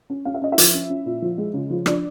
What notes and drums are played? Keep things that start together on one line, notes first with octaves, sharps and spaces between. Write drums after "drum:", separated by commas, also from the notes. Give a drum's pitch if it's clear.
C#4
C#4 F5
E5
C#4 D#5
E4 E5
F3, drum: hi-hat
C#4
C#4
A#2
F3
G#3
C#3
F3
F3 D4 D5, drum: rim click